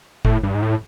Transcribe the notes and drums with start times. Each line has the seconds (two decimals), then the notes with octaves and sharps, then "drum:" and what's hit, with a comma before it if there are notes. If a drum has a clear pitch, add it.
0.25 A2, drum: kick F#1
0.43 G2
0.55 G#2
0.62 A2